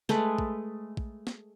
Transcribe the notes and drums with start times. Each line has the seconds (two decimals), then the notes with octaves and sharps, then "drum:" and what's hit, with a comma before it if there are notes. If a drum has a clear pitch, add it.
0.09 G#3 A3 B4, drum: snare
0.39 drum: kick
0.97 drum: kick
1.27 drum: snare